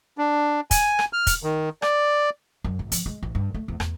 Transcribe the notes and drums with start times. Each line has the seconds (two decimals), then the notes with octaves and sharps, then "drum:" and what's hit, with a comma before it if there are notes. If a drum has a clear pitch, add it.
0.18 D4
0.71 G#5, drum: kick, hi-hat
0.99 drum: rim click
1.13 F6
1.27 drum: kick, hi-hat
1.43 D#3
1.82 D5, drum: rim click
2.64 F#2
2.79 G#1
2.92 F3, drum: hi-hat
3.06 G#3
3.23 A1
3.35 G2
3.54 A3
3.68 E2
3.80 E2, drum: rim click